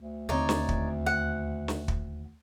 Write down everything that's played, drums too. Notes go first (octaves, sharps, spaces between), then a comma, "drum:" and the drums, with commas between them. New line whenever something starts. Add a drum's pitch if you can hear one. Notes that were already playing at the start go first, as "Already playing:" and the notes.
D2
D#2 D3 C4 D#4 C#5 D5
drum: snare
drum: kick
F#5
drum: snare
drum: kick